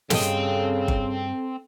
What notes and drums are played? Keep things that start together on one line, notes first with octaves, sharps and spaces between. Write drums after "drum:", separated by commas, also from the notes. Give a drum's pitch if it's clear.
G2 C#3 C4 A4 D#5 G5, drum: snare
drum: kick G1